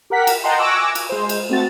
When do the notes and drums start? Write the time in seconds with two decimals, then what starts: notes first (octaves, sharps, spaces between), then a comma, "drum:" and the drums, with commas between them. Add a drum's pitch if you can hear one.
0.10 G4 A#4 F#5 B6
0.27 drum: cymbal
0.44 D#5 F#5 G5 A5 A#5 C6
0.58 G#5 C#6 D6 E6 F#6 A#6
0.95 drum: cymbal
1.09 G#3 C5
1.29 drum: cymbal
1.49 A3 C4 F#4 A6